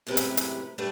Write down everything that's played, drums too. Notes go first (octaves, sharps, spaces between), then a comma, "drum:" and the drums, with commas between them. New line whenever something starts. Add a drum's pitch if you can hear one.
F#2 A2 C3 G#3 A#4 B4
drum: hi-hat
drum: hi-hat
G3 A3 D4 F#4 B4 D5